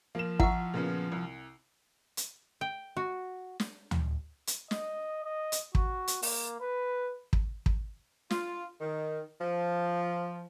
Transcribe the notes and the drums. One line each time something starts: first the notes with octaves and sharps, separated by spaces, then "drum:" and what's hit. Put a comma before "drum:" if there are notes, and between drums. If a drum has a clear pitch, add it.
F3 A#3 E7
E4 E5 F#5 C#6, drum: kick
A#2 C#3 B3
C2
drum: hi-hat
G5
F#4
drum: snare
drum: tom D2
drum: hi-hat
D#5, drum: snare
D#5
drum: hi-hat
F#4, drum: kick
drum: hi-hat
A#3, drum: open hi-hat
B4
drum: kick
drum: kick
F4, drum: snare
D#3
F3